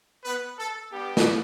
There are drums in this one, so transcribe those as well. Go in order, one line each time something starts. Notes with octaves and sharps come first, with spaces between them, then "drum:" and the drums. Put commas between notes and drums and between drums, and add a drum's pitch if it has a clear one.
B3 B4
A4
G3 B3 D4 G4
drum: snare